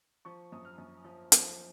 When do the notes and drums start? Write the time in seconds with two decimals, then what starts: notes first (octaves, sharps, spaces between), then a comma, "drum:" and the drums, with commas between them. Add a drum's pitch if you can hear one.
0.25 F3 C#6
0.52 F#2 D#6
0.65 F6
0.78 F#2
1.04 F3
1.32 F3, drum: hi-hat